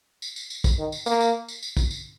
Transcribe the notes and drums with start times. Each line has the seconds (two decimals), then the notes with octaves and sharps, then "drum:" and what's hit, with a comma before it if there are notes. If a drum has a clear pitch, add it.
0.22 drum: tambourine
0.36 drum: tambourine
0.50 drum: tambourine
0.64 drum: kick, tambourine
0.79 D#3
0.92 drum: tambourine
1.06 A#3, drum: tambourine
1.20 drum: tambourine
1.49 drum: tambourine
1.63 drum: tambourine
1.77 drum: kick, tambourine
1.91 drum: tambourine